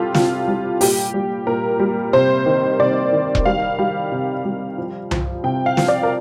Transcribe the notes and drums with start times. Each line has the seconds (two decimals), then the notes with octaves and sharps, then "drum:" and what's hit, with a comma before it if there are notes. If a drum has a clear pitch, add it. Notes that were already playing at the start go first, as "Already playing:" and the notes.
Already playing: C3 G3 F4 G4 A4
0.14 C3 F4, drum: snare
0.48 G3
0.81 A#2 G4, drum: open hi-hat
1.14 G3
1.47 A#2 A#4
1.80 G3
2.13 C3 C5
2.46 D#3
2.79 C3 D5
3.13 D#3
3.35 drum: kick E1
3.45 G3 F5
3.79 G3
4.12 C3
4.45 G3
4.78 F3
5.11 F3, drum: tom C2
5.44 C3 G5
5.66 F5
5.77 F3, drum: snare
5.88 D5
6.03 A#4